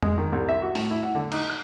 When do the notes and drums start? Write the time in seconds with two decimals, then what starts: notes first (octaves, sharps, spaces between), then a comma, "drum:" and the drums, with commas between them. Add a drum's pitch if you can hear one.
0.02 G#3, drum: tom F2
0.18 D#3
0.32 C2
0.49 E5
0.62 F#4
0.75 A2, drum: open hi-hat
0.91 E4
1.03 F#5
1.15 D3
1.32 D#4, drum: cymbal
1.50 F#6